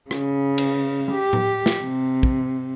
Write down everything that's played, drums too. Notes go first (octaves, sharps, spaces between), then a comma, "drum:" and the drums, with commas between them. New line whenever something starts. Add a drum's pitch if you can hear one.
C#3, drum: rim click
drum: cymbal
G4
drum: tom A2
drum: snare
C3
drum: kick